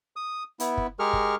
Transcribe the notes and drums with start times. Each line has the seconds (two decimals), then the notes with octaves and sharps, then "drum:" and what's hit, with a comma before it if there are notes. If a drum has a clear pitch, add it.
0.16 D#6
0.60 B3 E4, drum: hi-hat
0.77 drum: kick
0.99 G#3 G4 G#4 A#4 C#6 F6
1.13 drum: kick